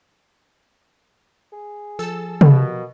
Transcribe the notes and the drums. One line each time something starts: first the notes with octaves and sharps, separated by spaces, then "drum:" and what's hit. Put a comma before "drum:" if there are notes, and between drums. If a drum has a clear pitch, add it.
G#4
F3 A4 A5 E6
B2 A#3, drum: tom C3